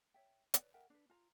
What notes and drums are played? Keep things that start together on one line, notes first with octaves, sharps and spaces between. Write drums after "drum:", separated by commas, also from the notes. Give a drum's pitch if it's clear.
C#5 E5 G5
B4 C#5 D5, drum: hi-hat
A#4 E5 F#5 G5
D4 B4
F4 A#5